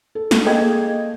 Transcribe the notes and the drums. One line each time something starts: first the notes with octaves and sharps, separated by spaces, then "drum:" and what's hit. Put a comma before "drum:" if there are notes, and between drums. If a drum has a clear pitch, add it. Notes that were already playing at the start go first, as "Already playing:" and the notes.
A4
drum: snare
A3 A#3 G#4 D#5 G5 G#6